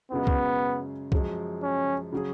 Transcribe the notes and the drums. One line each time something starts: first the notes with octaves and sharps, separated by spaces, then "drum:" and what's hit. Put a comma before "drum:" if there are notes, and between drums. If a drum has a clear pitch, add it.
F#2 C#3 G#3 B3
drum: kick
F#2 F3 G#3, drum: kick
C#4
C#3 F#3 C#4 G#4